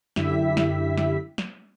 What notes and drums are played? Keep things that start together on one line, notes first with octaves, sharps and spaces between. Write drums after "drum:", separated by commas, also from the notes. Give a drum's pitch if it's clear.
F#2 D3 E4 G4 E5 B6, drum: snare
drum: snare
drum: snare
drum: snare